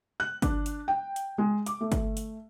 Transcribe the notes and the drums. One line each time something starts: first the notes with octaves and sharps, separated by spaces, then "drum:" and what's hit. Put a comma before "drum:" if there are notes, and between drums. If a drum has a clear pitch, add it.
F#6
D4, drum: kick G1, hi-hat
drum: hi-hat
G5
drum: hi-hat
G#3
D6, drum: hi-hat
A3
drum: kick G1, hi-hat
drum: hi-hat